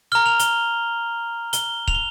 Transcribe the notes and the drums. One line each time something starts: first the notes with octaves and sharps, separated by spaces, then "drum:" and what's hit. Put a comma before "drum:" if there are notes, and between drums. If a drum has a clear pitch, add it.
A#5 F6 G7
F7
G7, drum: hi-hat
G7, drum: hi-hat
F7, drum: kick
G7